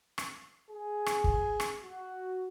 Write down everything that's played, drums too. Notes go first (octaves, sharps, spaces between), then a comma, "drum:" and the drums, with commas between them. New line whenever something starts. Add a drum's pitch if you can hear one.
drum: rim click
G#4
drum: rim click
drum: kick
drum: rim click
F#4